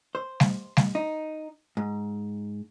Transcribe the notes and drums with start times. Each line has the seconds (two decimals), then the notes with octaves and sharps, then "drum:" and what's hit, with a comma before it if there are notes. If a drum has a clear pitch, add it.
0.15 C5
0.40 drum: snare G3
0.77 drum: snare G3
0.95 D#4
1.77 G#2